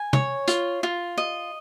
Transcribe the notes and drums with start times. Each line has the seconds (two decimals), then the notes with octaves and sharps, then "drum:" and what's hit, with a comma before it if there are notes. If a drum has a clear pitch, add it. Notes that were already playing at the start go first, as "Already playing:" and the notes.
Already playing: G#5
0.13 C#5, drum: tom
0.48 F4, drum: hi-hat
0.83 F4
1.18 D#5